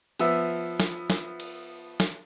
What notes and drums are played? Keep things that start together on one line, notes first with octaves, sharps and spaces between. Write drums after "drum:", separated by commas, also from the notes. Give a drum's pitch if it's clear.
F3 B3 E5 E6, drum: cymbal
drum: snare
drum: snare
drum: cymbal
drum: snare